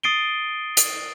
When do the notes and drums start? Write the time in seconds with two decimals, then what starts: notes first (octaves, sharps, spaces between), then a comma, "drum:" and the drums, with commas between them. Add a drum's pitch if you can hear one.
0.03 D#6 A6 C7 D7 D#7 G7
0.77 drum: hi-hat